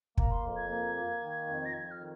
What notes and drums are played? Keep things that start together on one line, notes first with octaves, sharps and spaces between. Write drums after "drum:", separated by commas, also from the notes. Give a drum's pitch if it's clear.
A#3 A#5, drum: kick
C6
F2
G#6
A#3
A#3
D#3
F2
A#6
F2 G#6
F6
D#3